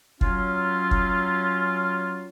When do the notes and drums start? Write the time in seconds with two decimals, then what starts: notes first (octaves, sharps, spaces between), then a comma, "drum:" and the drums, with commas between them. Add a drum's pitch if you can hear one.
0.21 F#3 C#4 F4, drum: kick
0.91 drum: kick